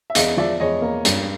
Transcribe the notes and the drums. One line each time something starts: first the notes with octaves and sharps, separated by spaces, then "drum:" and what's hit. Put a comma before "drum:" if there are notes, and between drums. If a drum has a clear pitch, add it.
E5
E2 D#5 F5, drum: hi-hat
F3 D5 E5
E2 C#5 D#5
A#3
G2, drum: hi-hat